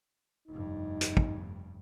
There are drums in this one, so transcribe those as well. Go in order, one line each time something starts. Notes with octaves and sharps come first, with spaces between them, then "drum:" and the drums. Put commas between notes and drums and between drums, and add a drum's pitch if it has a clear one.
F1 G2 D#4
drum: hi-hat
drum: kick